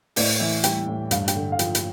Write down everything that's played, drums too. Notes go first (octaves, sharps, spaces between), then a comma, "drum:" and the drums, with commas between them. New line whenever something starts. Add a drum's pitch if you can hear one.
A2 D5, drum: open hi-hat
E3 E5
G3 G5, drum: hi-hat
A2
G2 F5, drum: hi-hat
G5, drum: hi-hat
D3
F5
F3 G5, drum: hi-hat
drum: hi-hat